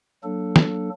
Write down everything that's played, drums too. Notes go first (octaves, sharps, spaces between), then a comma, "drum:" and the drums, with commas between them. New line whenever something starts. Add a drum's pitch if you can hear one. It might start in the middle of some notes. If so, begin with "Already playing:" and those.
F#3 A#3 D4 A4
drum: snare